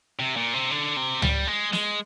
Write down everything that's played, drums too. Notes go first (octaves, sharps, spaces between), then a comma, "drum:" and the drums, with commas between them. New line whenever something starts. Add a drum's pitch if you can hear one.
C3
A#2
C3
D3
C3
G3, drum: tom C#2
G#3
G#3, drum: snare